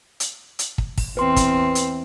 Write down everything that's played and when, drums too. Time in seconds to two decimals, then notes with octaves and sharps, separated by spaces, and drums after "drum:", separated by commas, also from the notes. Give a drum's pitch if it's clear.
0.20 drum: hi-hat
0.59 drum: hi-hat
0.78 drum: kick
0.98 drum: kick, open hi-hat
1.17 E2 C4 B4 C6
1.36 drum: kick, hi-hat
1.75 drum: hi-hat